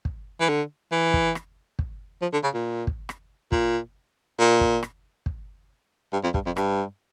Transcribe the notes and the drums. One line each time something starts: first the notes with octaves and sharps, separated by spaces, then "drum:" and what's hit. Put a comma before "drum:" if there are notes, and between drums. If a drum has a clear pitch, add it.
drum: kick
E3
D3
E3
drum: kick
drum: rim click
drum: kick
F3
D3
C#3
A#2
drum: kick
drum: rim click
A#2, drum: kick
A#2
drum: kick
drum: rim click
drum: kick
G2
F2
G2, drum: kick
F2
G2, drum: rim click